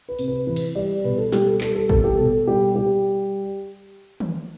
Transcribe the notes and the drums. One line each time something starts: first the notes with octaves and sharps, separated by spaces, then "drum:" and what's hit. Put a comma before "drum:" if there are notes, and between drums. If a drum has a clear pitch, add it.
B4
C3, drum: open hi-hat
B4
E3 B4
drum: cymbal
G3 D5
B2 B4
A4
G3 G4, drum: snare
A4
G3 A4, drum: clap
A4
B2 A4, drum: kick
G4
B2 A4
G3 G4
G3 G4
drum: tom D#3